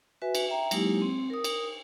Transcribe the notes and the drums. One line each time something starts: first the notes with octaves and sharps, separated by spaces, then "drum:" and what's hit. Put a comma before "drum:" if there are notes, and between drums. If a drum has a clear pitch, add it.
F#4 B4 E5 G#5
drum: cymbal
E5 G5 A#5
F#3 G#3 A#3 D#4 E4 G4, drum: cymbal
C4
A#4 D#6
drum: cymbal